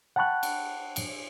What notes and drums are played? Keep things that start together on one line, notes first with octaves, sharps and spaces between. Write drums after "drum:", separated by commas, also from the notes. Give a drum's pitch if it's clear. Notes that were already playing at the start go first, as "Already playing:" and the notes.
F#5 G5 A5 B5 C#6 F#6
drum: cymbal
drum: cymbal